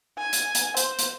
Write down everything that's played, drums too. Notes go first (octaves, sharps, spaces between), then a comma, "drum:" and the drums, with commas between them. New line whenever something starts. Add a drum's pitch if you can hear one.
G#5
drum: hi-hat
drum: hi-hat
C5, drum: hi-hat
drum: hi-hat